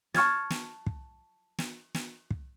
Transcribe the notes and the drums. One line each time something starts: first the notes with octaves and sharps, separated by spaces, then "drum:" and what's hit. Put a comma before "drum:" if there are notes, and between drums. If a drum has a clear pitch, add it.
A5 C#6 F6 G#6 A6, drum: snare
drum: snare
drum: kick
drum: snare
drum: snare
drum: kick